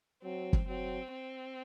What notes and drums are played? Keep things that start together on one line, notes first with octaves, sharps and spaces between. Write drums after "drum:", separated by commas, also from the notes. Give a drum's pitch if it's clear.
F#3 C4
drum: kick
F#3 C4
C4